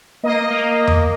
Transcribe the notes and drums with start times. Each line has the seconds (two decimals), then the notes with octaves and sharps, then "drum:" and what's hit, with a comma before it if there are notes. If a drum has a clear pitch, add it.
0.23 A#3 D#5
0.50 A#3
0.87 drum: tom E2